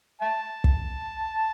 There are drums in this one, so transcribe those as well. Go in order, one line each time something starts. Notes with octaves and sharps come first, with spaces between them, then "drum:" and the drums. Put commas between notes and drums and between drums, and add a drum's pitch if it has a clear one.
E5 A5
drum: kick